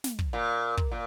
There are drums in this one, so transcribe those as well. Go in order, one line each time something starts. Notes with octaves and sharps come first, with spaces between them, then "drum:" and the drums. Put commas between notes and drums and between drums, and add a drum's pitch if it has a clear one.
drum: snare
drum: kick
A#2
drum: kick
A#2